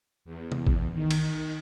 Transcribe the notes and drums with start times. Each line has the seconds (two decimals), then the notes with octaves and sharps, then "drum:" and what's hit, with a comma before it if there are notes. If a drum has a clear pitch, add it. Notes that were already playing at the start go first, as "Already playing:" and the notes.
0.25 E2
0.52 drum: tom C3
0.67 drum: kick
0.93 D#3
1.11 drum: cymbal